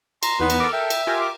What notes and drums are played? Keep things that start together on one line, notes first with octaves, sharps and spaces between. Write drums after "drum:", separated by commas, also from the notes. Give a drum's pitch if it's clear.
A#5 C6, drum: cymbal
E2 B3 D#4 B4 C#7
drum: cymbal
A4 A#4 D6
E5 G5
drum: cymbal
F4 G4 A#4 G#5
D6